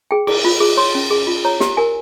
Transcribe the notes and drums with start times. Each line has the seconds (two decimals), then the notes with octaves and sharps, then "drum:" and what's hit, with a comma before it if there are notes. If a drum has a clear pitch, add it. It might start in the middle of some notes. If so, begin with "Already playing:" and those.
0.11 G#4 G5
0.27 G#4, drum: cymbal
0.45 F4
0.60 G#4
0.77 C#5 C6
0.95 C#4
1.11 G#4
1.27 F4
1.45 C#5 A#5
1.60 G4, drum: snare
1.77 A#4 G#5